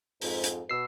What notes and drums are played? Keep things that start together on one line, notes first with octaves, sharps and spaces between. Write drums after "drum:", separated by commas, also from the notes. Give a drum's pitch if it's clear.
F2 G#2, drum: open hi-hat
drum: hi-hat
B2 E6 C7